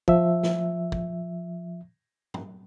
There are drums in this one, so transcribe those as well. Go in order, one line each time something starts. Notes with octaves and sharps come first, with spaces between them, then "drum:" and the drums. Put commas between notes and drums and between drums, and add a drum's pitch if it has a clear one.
F3 E5, drum: kick
drum: snare
drum: kick
drum: tom